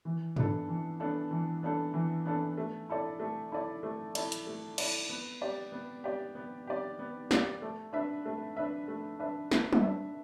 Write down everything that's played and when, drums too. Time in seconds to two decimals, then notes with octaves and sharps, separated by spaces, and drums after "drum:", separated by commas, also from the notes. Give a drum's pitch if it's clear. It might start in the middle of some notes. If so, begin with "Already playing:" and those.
0.05 E3
0.36 B3 D4 A4, drum: tom
0.68 E3
1.00 B3 D4 A4
1.31 E3
1.63 B3 D4 A4
1.94 E3
2.25 B3 D4 A4
2.58 A3
2.89 E4 A4 D5
3.20 A3
3.52 E4 A4 D5
3.83 A3
4.15 E4 A4 D5, drum: cymbal
4.32 drum: hi-hat
4.47 A3
4.78 E4 A4 D5, drum: cymbal
5.09 B3
5.41 G4 D5
5.72 B3
6.04 G4 D5
6.35 B3
6.67 G4 D5
6.99 B3
7.31 G4 D5, drum: snare
7.62 A3
7.93 D4 B4 E5
8.25 A3
8.57 D4 B4 E5
8.88 A3
9.20 D4 B4 E5
9.51 A3, drum: snare
9.73 drum: tom
9.82 D4 B4 E5